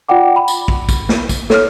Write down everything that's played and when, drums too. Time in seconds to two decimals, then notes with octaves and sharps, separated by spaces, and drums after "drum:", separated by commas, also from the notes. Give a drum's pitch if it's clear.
0.09 F4 D5 F#5 G5 D6
0.36 B5
0.48 drum: tambourine
0.68 drum: kick
0.89 drum: kick, tambourine
1.09 drum: snare
1.29 drum: kick, tambourine
1.50 A4 C#5 F6, drum: snare